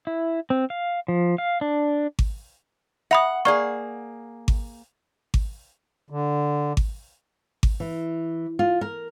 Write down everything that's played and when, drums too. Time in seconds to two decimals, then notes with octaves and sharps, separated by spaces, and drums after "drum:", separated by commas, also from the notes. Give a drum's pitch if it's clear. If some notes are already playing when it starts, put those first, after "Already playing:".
0.07 E4
0.50 C4
0.70 F5
1.08 F3
1.38 F5
1.61 D4
2.19 drum: kick G#1
3.11 E5 F#5 B5 D#6
3.45 A#3 G#4 D5 C#6
4.48 drum: kick G#1
5.34 drum: kick G#1
6.10 D3
6.77 drum: kick G#1
7.63 drum: kick G#1
7.80 E3
8.59 F4
8.81 A#4